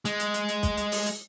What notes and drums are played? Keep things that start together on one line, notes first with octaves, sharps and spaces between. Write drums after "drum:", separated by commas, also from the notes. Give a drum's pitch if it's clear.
G#3, drum: hi-hat
drum: hi-hat
drum: hi-hat
drum: hi-hat
drum: kick, hi-hat
drum: hi-hat
drum: open hi-hat
drum: hi-hat